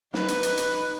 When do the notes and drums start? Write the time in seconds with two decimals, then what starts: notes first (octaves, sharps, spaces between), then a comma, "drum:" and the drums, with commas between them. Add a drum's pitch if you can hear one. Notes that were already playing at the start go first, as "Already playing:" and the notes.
0.14 D#4 B4, drum: snare
0.28 drum: hi-hat
0.43 drum: hi-hat
0.57 drum: hi-hat